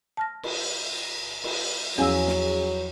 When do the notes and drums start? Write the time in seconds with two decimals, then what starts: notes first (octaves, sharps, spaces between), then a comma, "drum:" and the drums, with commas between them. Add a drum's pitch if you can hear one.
0.17 A5 F6 A#6
0.43 drum: cymbal
1.44 drum: cymbal
1.98 E2 F3 F#3 C#4 G#4 G#5 E6
2.28 drum: snare